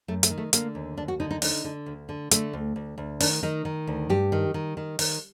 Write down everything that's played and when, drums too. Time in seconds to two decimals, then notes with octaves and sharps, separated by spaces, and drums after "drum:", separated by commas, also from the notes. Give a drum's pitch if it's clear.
0.08 F#2 A3
0.23 A3, drum: hi-hat
0.30 D#3
0.38 A3
0.53 D3 A#3, drum: hi-hat
0.75 D#2
0.97 D#2 D4
1.08 F#4
1.20 D3 D#4
1.31 D#4
1.42 D3 D#4, drum: open hi-hat
1.64 D3
1.86 D2
2.09 D3
2.31 D3 A3, drum: hi-hat
2.53 D2
2.76 D2
2.98 D2
3.20 D#3 D4, drum: open hi-hat
3.43 D#3 D#4
3.65 D#3
3.87 D2
4.09 G2 G4
4.32 D#3
4.54 D#3
4.77 D#3
4.99 D#3, drum: open hi-hat